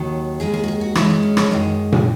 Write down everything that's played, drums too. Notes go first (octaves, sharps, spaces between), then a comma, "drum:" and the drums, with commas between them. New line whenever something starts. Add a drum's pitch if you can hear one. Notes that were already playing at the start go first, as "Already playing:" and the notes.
Already playing: D#2 D#3 F#3
D#2 D#3 G#3 G#4
G#4
F#4
G#4
F#4
F#2 E3 G#3 E4, drum: rim click
D#4
C#4
C#4, drum: rim click
F#2 D#3 G#3 D#4
drum: tom A#2